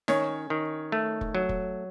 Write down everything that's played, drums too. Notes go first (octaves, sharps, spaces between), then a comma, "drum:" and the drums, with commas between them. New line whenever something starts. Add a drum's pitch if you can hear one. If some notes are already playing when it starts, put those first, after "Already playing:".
D#3 C#4 C#5, drum: snare
D#3
A3
drum: kick
F#3
drum: kick